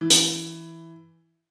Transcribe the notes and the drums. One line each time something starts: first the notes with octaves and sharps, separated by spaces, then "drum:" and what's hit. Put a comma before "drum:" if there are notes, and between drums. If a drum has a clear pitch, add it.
E3
drum: hi-hat